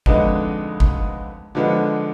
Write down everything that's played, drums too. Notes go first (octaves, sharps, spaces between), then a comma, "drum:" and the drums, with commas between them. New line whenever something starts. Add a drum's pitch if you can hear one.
F2 D3 G#3 B3 D#4, drum: kick G#1
drum: kick G#1
D3 F3 G#3 B3